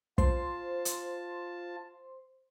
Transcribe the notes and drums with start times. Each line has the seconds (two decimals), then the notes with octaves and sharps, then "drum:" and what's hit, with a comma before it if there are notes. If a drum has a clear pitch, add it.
0.18 F4 C5 A5 C6, drum: kick
0.85 drum: hi-hat